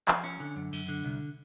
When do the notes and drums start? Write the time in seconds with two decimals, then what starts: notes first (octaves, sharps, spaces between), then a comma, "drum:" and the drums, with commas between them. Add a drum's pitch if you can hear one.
0.08 F3, drum: clap
0.24 C#4
0.40 D3
0.56 F#2
0.73 F#2, drum: cymbal
0.89 D3
1.05 C2